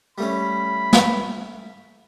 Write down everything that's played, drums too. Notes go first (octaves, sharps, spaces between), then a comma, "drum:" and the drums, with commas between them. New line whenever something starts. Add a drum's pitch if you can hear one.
G3 A3 C#4 B5
drum: snare